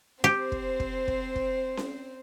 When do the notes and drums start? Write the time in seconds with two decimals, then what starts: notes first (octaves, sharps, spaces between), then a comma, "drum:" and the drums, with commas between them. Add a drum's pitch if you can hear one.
0.24 C4 G4 C5
0.52 drum: kick
0.80 drum: kick
1.08 drum: kick
1.36 drum: kick
1.77 drum: snare C#4